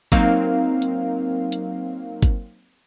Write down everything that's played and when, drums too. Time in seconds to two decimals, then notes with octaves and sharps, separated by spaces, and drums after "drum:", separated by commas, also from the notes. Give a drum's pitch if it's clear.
0.12 F#3 A#3 C4 D#4 A#4 F5, drum: kick G1, hi-hat
0.82 drum: hi-hat
1.52 drum: hi-hat
2.22 drum: kick G1, hi-hat